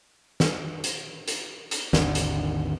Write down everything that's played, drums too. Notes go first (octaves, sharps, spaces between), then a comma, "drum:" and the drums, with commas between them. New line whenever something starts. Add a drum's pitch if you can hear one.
drum: snare
drum: hi-hat
drum: hi-hat
drum: hi-hat
G#1 D#2 D3, drum: snare
drum: hi-hat